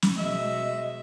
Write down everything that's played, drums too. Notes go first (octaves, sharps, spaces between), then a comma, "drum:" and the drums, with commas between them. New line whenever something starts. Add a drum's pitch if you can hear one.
drum: snare
B2 F#3 G#3 D#5 E5